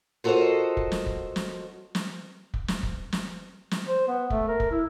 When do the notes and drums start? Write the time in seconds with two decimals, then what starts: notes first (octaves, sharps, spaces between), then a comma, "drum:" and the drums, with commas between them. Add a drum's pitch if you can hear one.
0.24 F4 F#4 A4 A#4 C5 D#5
0.77 drum: kick
0.92 drum: snare
1.06 drum: kick
1.36 drum: snare
1.95 drum: snare
2.54 drum: kick
2.68 drum: snare
2.83 drum: kick
3.12 drum: snare
3.71 drum: snare
3.87 C5
4.08 B3
4.30 A3, drum: kick
4.48 A#4
4.60 drum: kick
4.72 E4